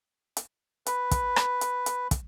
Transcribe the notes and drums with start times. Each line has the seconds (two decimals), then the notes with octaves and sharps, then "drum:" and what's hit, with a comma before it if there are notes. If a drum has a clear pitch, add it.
0.37 drum: hi-hat
0.86 B4, drum: hi-hat
1.11 drum: kick, hi-hat
1.36 drum: rim click
1.61 drum: hi-hat
1.86 drum: hi-hat
2.11 drum: kick, hi-hat